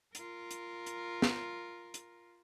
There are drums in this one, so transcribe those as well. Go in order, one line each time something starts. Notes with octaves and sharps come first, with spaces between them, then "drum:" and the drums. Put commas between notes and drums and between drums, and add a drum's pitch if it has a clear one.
F4 A#4, drum: hi-hat
drum: hi-hat
drum: hi-hat
drum: snare
drum: hi-hat